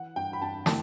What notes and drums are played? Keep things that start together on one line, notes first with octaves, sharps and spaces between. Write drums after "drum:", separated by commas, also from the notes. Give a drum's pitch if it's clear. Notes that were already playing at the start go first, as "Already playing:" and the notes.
Already playing: E3 F#5
G2 G5
B5
G2 A5
E3 A5, drum: snare